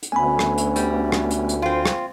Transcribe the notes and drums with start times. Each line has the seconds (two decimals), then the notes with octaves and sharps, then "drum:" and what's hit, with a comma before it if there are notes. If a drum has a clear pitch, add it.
0.03 drum: hi-hat
0.12 D2 A3 B3 C#4 G#5 B5
0.39 drum: rim click
0.57 drum: hi-hat
0.76 G3, drum: hi-hat
1.12 drum: rim click
1.31 drum: hi-hat
1.49 drum: hi-hat
1.62 C4 F4
1.86 drum: rim click